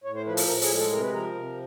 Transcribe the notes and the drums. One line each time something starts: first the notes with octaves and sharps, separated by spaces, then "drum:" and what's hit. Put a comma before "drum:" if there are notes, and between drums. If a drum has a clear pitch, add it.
A2 C#5
C5
F3 B4
A#4, drum: open hi-hat
A2 A#4
G#4, drum: open hi-hat
G#3
A4
C3 A#4
B4
F3 A#4
C3